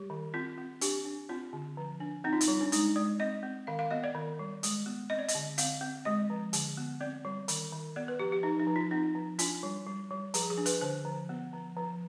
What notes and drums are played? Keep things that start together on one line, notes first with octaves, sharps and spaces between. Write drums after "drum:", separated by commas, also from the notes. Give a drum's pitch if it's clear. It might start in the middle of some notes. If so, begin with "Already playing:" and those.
Already playing: G3 G4
D#3
C4 F4
C4
D4 G4, drum: hi-hat
D4
C4 F4
D3
F3
D4
C4 D#4
F4
D#4, drum: hi-hat
G3
D4
G#3 D#4, drum: hi-hat
G#3 D5
C4 D#5
C4
D#3 F5
F5
B3 D#5
D5
D#3
G3
G#3, drum: hi-hat
B3
C4 D#5
D5
D#5, drum: hi-hat
D3
C4 F5, drum: hi-hat
C4
G#3 D#5
F3
D3, drum: hi-hat
B3
C4 D5
G3
D#3, drum: hi-hat
D#3
B3 D5
B4
F3 G4
G4
F3 D#4
D#4
F3
F4
C4 D#4
F3
D4 F4, drum: hi-hat
G3
G3
G3
F3 G#4, drum: hi-hat
G#4
D4
B4, drum: hi-hat
D3 C5
F3
B3
F3
F3